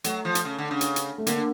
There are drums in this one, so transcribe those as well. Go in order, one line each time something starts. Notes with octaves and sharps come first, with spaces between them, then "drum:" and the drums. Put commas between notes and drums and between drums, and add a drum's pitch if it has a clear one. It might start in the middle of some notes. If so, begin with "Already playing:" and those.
F#3 A3, drum: hi-hat
F3
drum: hi-hat
C#3
D3
C#3
drum: hi-hat
drum: hi-hat
A3
D3 A#3, drum: hi-hat